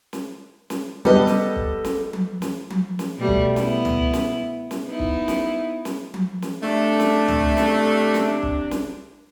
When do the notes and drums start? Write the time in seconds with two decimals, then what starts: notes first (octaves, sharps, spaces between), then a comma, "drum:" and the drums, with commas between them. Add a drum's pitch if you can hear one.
0.13 drum: snare
0.70 drum: snare
1.05 G3 B3 A4 D#5
1.27 drum: snare
1.56 drum: kick
1.84 drum: snare
2.13 drum: tom F3
2.42 drum: snare
2.70 drum: tom F3
2.99 drum: snare
3.17 B2 G3 A3
3.28 drum: kick
3.56 B3 E4, drum: snare
3.85 drum: tom
4.13 drum: snare
4.71 drum: snare
4.86 B3 D#4 E4
4.99 drum: kick
5.28 drum: snare
5.85 drum: snare
6.14 drum: tom F3
6.42 drum: snare
6.63 C3 A3 D4
7.00 drum: snare
7.28 drum: tom
7.57 drum: snare
8.14 drum: snare
8.43 drum: kick
8.71 drum: snare